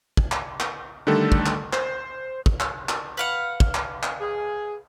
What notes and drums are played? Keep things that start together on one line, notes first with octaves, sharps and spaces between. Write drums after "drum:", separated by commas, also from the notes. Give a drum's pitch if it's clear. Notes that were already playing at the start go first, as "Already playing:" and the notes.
drum: kick
drum: clap
drum: clap
D3 D#3 G3 A3 A4
drum: kick
drum: clap
C5, drum: clap
drum: kick
drum: clap
drum: clap
B4 F5 F#5
drum: kick
drum: clap
drum: clap
G#4